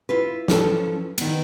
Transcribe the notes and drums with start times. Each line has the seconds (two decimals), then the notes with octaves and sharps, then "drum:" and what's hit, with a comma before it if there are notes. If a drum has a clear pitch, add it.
0.09 E4 F4 B4
0.48 F3 C#4 A4, drum: snare
1.18 D#3 B3, drum: cymbal